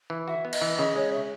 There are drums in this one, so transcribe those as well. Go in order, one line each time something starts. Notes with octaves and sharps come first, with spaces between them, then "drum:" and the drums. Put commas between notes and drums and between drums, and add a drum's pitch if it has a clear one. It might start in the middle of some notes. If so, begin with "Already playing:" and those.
E3
F#4 E5
B3
D#5, drum: cymbal
E3
C#3 D#5
G#3 C#5
E5